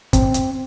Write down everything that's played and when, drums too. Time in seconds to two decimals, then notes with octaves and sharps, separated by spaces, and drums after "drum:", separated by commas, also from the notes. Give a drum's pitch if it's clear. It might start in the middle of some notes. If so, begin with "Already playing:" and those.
0.13 C4, drum: kick, hi-hat
0.34 drum: hi-hat